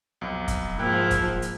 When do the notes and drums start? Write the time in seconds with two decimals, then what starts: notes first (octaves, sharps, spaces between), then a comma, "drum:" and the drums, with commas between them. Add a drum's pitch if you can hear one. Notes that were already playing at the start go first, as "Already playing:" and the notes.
0.21 B1 F2
0.48 drum: kick, hi-hat
0.79 G#2 F3 A#3 E4 G5 F#6
1.11 drum: kick, hi-hat
1.42 drum: hi-hat